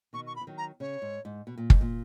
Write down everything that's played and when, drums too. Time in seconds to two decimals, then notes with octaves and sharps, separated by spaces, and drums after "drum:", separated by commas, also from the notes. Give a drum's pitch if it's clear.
0.13 B2 D#3 C#6
0.27 C#6
0.36 B5
0.41 E3
0.47 D#3 F#3
0.58 A#5
0.80 C#3 C#5
1.02 G#2
1.25 G#2
1.47 B2
1.58 A#2
1.70 G#2, drum: kick
1.81 A#2